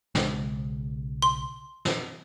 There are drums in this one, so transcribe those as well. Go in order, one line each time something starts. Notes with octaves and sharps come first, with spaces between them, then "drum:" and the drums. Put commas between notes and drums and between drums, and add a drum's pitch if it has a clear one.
B1 C#3 G#3, drum: snare
C6
drum: snare